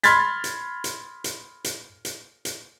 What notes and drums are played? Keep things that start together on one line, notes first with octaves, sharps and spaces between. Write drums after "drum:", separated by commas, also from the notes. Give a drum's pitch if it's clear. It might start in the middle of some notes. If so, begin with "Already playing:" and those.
B5 C6 F6 G#6 A6 B6, drum: hi-hat
drum: hi-hat
drum: hi-hat
drum: hi-hat
drum: hi-hat
drum: hi-hat
drum: hi-hat